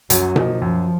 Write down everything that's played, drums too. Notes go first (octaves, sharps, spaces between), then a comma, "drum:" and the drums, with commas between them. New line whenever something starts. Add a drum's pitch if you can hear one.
F#2 F#3, drum: hi-hat
F3 A#3 D#4, drum: tom B2
F#2 F3